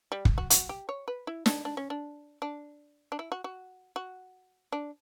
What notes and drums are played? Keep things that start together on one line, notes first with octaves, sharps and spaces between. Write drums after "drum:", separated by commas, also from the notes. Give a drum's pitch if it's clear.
G3
drum: kick
F#4
F#4, drum: hi-hat
G4
C#5
B4
E4
D4, drum: snare
D4
C#4
D4
D4
D4
E4
F#4
F#4
F#4
D4